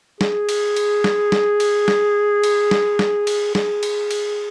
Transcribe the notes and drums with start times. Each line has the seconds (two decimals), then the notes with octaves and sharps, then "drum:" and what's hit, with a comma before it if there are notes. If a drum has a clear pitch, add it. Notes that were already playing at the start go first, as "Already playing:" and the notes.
0.21 G#4, drum: snare
0.49 drum: cymbal
0.76 drum: cymbal
1.04 drum: snare
1.32 drum: snare
1.60 drum: cymbal
1.88 drum: snare
2.44 drum: cymbal
2.71 drum: snare
2.99 drum: snare
3.27 drum: cymbal
3.55 G#4, drum: snare
3.83 drum: cymbal
4.11 drum: cymbal